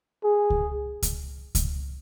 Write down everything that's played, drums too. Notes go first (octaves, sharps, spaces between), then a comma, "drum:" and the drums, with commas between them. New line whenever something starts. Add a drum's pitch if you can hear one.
G#4
drum: kick C#2
drum: kick C#2, hi-hat
drum: kick C#2, hi-hat